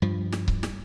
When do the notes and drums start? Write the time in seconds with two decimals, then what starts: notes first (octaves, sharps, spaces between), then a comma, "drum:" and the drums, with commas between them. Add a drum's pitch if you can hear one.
0.02 G2 F3
0.32 drum: snare
0.48 drum: kick C#1
0.63 drum: snare